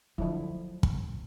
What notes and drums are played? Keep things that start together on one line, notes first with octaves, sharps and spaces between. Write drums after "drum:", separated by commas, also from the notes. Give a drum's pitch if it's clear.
D3 F3 F#3 E4
drum: kick